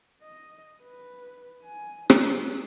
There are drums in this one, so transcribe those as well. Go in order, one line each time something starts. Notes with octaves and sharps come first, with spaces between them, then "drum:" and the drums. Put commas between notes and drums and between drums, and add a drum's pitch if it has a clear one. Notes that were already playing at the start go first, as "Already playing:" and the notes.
D#5
B4
G#5
D#4, drum: rim click